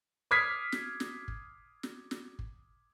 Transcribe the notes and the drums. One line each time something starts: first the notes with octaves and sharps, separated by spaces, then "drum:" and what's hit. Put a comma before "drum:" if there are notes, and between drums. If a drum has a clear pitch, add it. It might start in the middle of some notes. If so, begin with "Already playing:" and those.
D6 D#6 F6 G#6 B6 C7
drum: snare
drum: snare
drum: kick
drum: snare
drum: snare
drum: kick